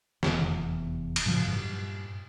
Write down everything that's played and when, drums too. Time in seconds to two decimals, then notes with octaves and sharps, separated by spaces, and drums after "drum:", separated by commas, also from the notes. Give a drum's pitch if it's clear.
0.23 F1 E2 B3, drum: snare
1.16 drum: cymbal
1.26 A2 C#3 F3 F#3
1.46 G2 A#2